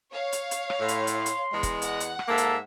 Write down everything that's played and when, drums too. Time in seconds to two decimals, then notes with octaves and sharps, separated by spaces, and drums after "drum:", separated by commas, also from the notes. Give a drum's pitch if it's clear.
0.10 C#5 F5
0.33 drum: hi-hat
0.51 drum: hi-hat
0.70 drum: rim click
0.79 A2 C6
0.88 drum: hi-hat
1.07 drum: hi-hat
1.26 drum: hi-hat
1.52 E2 G#3
1.63 drum: kick, hi-hat
1.82 F#5, drum: hi-hat
2.00 drum: hi-hat
2.19 drum: rim click
2.29 G#2 A#3 A4 E5
2.38 drum: hi-hat